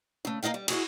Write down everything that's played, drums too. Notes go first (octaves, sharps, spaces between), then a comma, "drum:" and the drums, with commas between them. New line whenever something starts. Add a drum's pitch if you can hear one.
C#3 A3
A#3 C#4 D#5 F5 G5
G3
E4 F#4 G#4, drum: cymbal